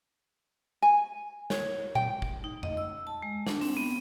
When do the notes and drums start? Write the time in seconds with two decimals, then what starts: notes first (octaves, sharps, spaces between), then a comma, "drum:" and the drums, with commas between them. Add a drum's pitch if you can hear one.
0.82 G#5
1.50 C#5, drum: snare
1.95 G5, drum: tom A#2
2.22 drum: kick
2.44 D#4
2.63 D#5, drum: tom F2
2.77 E6
3.07 A5
3.22 G#3
3.47 D4, drum: snare
3.61 C4, drum: open hi-hat
3.77 B3